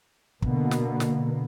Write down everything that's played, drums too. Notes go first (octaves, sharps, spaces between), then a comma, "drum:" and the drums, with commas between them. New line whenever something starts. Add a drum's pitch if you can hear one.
B2 D3 A#3 B3, drum: kick
drum: snare
drum: snare